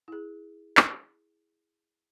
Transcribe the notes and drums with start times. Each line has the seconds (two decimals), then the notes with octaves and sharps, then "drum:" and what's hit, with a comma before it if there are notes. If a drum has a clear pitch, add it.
0.08 E4 G#4
0.77 drum: clap